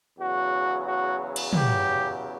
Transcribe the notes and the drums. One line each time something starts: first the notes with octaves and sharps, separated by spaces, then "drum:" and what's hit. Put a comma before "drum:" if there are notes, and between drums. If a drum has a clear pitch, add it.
E2 C#3 F#3 F#4
F#4
drum: cymbal
G4, drum: tom